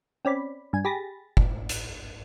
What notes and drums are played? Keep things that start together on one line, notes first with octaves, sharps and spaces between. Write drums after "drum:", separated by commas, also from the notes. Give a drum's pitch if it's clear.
C4 C#4 D5 B5
G2 G#5
G4 G#4 B5 A6 A#6
drum: kick
drum: hi-hat